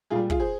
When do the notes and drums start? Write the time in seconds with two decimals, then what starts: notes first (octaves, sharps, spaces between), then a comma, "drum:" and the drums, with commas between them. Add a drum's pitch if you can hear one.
0.10 A#2 G3 F4 G#4
0.30 F4 G#4, drum: kick
0.40 G#4 C5